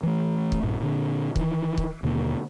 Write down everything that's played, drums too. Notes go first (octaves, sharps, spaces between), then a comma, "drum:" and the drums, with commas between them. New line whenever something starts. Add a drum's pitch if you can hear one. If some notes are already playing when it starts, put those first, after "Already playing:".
E3 A3
drum: kick
A#1 G2 A#2
A#2 D3
D#3 E3, drum: kick
drum: kick
D#2 B2 D3 A#3